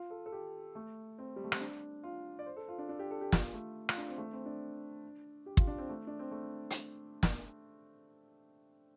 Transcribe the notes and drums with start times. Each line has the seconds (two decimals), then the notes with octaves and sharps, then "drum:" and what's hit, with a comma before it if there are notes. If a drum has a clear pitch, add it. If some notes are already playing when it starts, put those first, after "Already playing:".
Already playing: F4
0.10 A4
0.26 A4
0.32 G4
0.75 A3
1.18 C4
1.36 G3
1.44 A3
1.52 C4, drum: rim click
1.61 D4
2.03 F4
2.39 D5
2.46 C5
2.56 A4
2.68 F4
2.78 D4
2.89 D4
2.99 G4
3.11 A4
3.21 G4
3.32 F4, drum: snare
3.54 A3
3.89 F4, drum: rim click
3.98 D4
4.08 C4
4.18 A3
4.33 C4
4.46 D4
5.46 G4
5.57 F4, drum: kick
5.67 D4
5.78 C4
5.89 A3
6.07 D4
6.19 C4
6.31 A3
6.70 drum: hi-hat
7.23 drum: snare